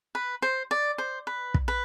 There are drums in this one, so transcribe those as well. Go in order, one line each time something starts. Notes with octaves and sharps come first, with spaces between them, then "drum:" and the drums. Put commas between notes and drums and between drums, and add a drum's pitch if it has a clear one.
B4
C5
D5
C5
B4
drum: kick
B4